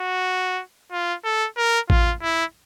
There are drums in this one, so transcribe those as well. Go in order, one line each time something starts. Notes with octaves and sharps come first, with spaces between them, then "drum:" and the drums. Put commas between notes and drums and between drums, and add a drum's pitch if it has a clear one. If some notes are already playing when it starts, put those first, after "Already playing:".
Already playing: F#4
F4
A4
A#4
F4, drum: kick A1
E4